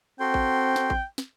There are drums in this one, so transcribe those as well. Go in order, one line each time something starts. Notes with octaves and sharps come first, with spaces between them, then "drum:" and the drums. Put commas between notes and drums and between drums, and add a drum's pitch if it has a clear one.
C4 F#4 A4 G5 C6
drum: kick A1
drum: snare
drum: kick A1
drum: snare